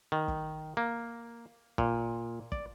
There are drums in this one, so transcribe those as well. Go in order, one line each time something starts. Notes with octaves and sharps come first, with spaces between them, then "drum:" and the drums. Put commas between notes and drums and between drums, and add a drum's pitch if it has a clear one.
D#3
drum: kick
A#3
A#2, drum: kick
D5, drum: kick